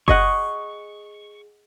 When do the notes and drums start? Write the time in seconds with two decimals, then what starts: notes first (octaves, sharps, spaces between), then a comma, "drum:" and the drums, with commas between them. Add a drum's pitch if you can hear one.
0.08 G#4 D#5 F#5 C#6, drum: kick F#1